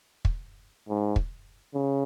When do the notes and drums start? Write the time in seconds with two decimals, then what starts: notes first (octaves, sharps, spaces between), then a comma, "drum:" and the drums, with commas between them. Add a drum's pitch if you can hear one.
0.25 drum: kick
0.88 G#2
1.16 drum: kick
1.74 C#3